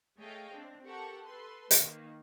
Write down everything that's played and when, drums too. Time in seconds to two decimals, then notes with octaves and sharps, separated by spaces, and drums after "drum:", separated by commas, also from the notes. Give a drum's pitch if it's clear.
0.19 A3 G#4 C#5 D#5 F5 G5
0.52 C4 D4
0.85 G4 A4 A#4 F#5 C#6
1.26 A4 B4 C6
1.71 D#3 A#3, drum: hi-hat